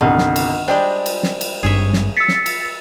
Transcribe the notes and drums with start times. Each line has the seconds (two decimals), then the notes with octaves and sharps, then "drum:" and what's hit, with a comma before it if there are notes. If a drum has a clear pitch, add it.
0.01 G1 C2 D#3 F#5 F6
0.18 drum: snare
0.36 drum: cymbal
0.68 G3 G#3 D4 C5 G5
1.06 drum: cymbal
1.23 drum: snare
1.41 drum: cymbal
1.63 G#1 G2 G#4 C#5 E5
1.93 drum: snare
2.17 E6 A6 B6 C#7
2.28 drum: snare
2.46 drum: cymbal